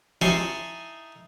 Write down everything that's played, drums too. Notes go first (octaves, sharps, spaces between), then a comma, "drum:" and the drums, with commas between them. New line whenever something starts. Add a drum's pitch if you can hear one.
D#4 E4 G#5 A5 C6 C#6, drum: snare